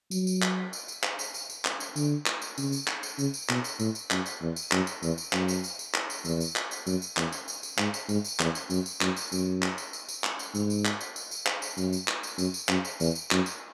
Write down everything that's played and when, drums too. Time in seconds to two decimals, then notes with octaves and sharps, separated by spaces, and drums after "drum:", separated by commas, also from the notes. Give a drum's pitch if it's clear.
0.11 F#3, drum: tambourine
0.27 drum: tambourine
0.42 drum: clap
0.73 drum: tambourine
0.88 drum: tambourine
1.04 drum: clap
1.19 drum: tambourine
1.34 drum: tambourine
1.50 drum: tambourine
1.65 drum: clap
1.80 drum: tambourine
1.96 D3, drum: tambourine
2.26 drum: clap
2.42 drum: tambourine
2.58 C#3, drum: tambourine
2.72 drum: tambourine
2.88 drum: clap
3.03 drum: tambourine
3.18 C#3, drum: tambourine
3.34 drum: tambourine
3.49 B2, drum: clap
3.64 drum: tambourine
3.79 A2, drum: tambourine
3.95 drum: tambourine
4.11 F#2, drum: clap
4.26 drum: tambourine
4.41 E2
4.56 drum: tambourine
4.72 F#2, drum: clap
4.87 drum: tambourine
5.03 E2, drum: tambourine
5.18 drum: tambourine
5.33 F#2, drum: clap
5.48 drum: tambourine
5.64 drum: tambourine
5.79 drum: tambourine
5.94 drum: clap
6.10 drum: tambourine
6.25 E2, drum: tambourine
6.40 drum: tambourine
6.56 drum: clap
6.71 drum: tambourine
6.87 F#2, drum: tambourine
7.02 drum: tambourine
7.17 E2, drum: clap
7.32 drum: tambourine
7.48 drum: tambourine
7.63 drum: tambourine
7.78 G#2, drum: clap
7.94 drum: tambourine
8.09 G#2, drum: tambourine
8.24 drum: tambourine
8.40 E2, drum: clap
8.55 drum: tambourine
8.70 F#2, drum: tambourine
8.86 drum: tambourine
9.01 F#2, drum: clap
9.17 drum: tambourine
9.32 F#2, drum: tambourine
9.63 drum: clap
9.78 drum: tambourine
9.93 drum: tambourine
10.09 drum: tambourine
10.24 drum: clap
10.39 drum: tambourine
10.55 G#2, drum: tambourine
10.70 drum: tambourine
10.85 drum: clap
11.01 drum: tambourine
11.16 drum: tambourine
11.31 drum: tambourine
11.47 drum: clap
11.62 drum: tambourine
11.77 F#2, drum: tambourine
11.93 drum: tambourine
12.08 drum: clap
12.23 drum: tambourine
12.38 F#2, drum: tambourine
12.54 drum: tambourine
12.69 F#2, drum: clap
12.85 drum: tambourine
13.00 E2, drum: tambourine
13.15 drum: tambourine
13.31 F#2, drum: clap
13.46 drum: tambourine